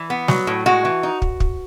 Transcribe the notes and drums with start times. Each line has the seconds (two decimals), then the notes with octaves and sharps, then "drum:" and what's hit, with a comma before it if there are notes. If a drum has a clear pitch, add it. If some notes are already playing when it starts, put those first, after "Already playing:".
Already playing: E3
0.10 B3
0.28 F#3, drum: snare
0.47 A2
0.66 G#3 F#4
0.85 E3
1.03 D#4
1.22 drum: kick
1.40 drum: kick